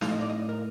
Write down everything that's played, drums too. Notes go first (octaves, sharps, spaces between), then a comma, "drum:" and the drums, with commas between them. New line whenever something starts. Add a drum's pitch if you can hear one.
A2 A3 D#4 F5, drum: snare
D#5
D5
D#5
A#4